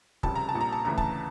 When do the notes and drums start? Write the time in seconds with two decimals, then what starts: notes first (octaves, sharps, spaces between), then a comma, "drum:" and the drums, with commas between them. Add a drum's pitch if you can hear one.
0.23 F1 F2 C#3 G3 A5, drum: kick
0.36 A#5
0.49 A5
0.54 A#1 A#2 G3
0.61 A#5
0.73 A5
0.85 D2 C#3 E3 A3 A#5
0.98 A5, drum: kick